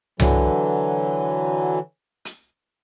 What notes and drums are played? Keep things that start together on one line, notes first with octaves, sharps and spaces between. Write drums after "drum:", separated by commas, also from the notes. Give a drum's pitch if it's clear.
D3 E3 F#3, drum: tom C2
drum: hi-hat